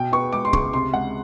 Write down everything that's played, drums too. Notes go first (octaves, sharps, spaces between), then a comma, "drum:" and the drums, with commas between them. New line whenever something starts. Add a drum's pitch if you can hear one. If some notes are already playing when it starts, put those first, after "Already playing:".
Already playing: B2 G5
B3 C#6
G#3 D6
C6
C#2 C#6, drum: kick C#1
C3 C6
G#3 F#5